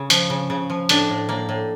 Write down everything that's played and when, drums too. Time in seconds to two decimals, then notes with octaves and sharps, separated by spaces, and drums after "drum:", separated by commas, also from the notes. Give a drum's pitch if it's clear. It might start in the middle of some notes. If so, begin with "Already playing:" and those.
Already playing: C#3
0.10 F3, drum: hi-hat
0.30 C#3
0.50 C#3
0.70 F3
0.89 A2 D4, drum: hi-hat
1.09 A2
1.29 A2 A#3
1.49 A2